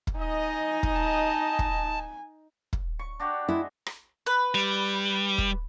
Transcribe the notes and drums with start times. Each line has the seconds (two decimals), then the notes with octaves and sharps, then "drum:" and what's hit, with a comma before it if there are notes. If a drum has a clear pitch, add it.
0.07 drum: kick
0.19 D#4 D#5 G#5
0.83 drum: kick
0.95 A5
1.59 drum: kick
2.73 drum: kick
2.99 C#6
3.20 D4 F#4 G4
3.49 G#3 E4
3.86 drum: rim click
4.26 B4
4.55 G3
5.38 drum: kick